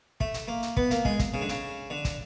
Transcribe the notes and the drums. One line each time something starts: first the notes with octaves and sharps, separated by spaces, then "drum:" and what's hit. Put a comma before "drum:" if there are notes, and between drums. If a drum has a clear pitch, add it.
A3, drum: kick
drum: hi-hat
A#3
drum: hi-hat
B3, drum: kick
A#3, drum: hi-hat
G#3, drum: kick
drum: kick, hi-hat
C#3
D3
C#3, drum: hi-hat
D3
drum: kick, hi-hat